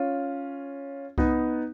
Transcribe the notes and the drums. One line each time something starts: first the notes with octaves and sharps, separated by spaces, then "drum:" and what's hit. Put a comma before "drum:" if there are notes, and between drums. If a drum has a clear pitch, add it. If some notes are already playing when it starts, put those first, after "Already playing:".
Already playing: C#4 F4
B3 D#4, drum: kick C2